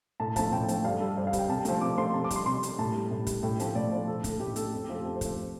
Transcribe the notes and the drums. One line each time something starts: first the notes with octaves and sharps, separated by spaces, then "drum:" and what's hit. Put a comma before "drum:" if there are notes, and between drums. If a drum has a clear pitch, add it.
A2 A5
F3 A3 A5, drum: kick, hi-hat
A2 G5
F3 A3, drum: hi-hat
G2 F5
G3 A4
G2 C5
F5
G3, drum: kick, hi-hat
G5
C3 A5
F3 A3, drum: hi-hat
C3 D6
F3 A3 C6
C3 A5
D6
G3, drum: kick, hi-hat
C6
C3 C6
G3, drum: hi-hat
A2 A5
G3
A2
G3, drum: kick, hi-hat
A2 G5
F3 A3, drum: hi-hat
A2 D5
F3 A3
A2 A4
A3, drum: kick, hi-hat
A4
A2 G4
A3 A4, drum: hi-hat
F2 G4
G4
F3 A3
A4
F2 A4
C5
F3 A3, drum: kick, hi-hat